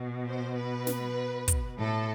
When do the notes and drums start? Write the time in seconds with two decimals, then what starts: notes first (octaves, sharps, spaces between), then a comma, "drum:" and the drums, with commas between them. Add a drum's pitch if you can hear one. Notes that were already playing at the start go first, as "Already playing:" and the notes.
Already playing: B2
0.26 C5
0.56 B4
0.87 drum: snare
1.48 drum: kick, hi-hat
1.78 A2 A4